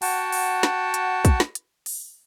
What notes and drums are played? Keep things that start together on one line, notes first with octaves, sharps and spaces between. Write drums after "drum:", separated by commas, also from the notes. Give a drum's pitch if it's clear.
F#4 F#5 G5 A5, drum: open hi-hat
drum: open hi-hat
drum: snare
drum: hi-hat
drum: kick, hi-hat
drum: snare
drum: hi-hat
drum: open hi-hat